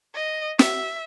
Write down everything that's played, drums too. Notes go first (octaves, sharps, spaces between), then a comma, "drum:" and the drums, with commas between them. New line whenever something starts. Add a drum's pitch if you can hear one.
D#5
E5, drum: snare